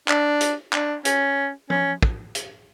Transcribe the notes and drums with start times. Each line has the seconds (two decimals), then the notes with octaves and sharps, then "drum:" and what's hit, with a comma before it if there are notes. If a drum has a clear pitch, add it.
0.08 D4, drum: clap
0.41 drum: hi-hat
0.73 D4, drum: clap
1.05 C#4, drum: hi-hat
1.70 C#4, drum: tom
2.02 drum: kick
2.35 drum: hi-hat